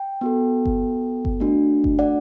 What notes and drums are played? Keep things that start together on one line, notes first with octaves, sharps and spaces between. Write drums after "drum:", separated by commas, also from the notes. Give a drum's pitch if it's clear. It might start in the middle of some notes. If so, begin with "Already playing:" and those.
Already playing: G5
B3 F#4 A4
drum: kick G1
drum: kick G1
A3 D4 F#4
drum: kick G1
D5 F#5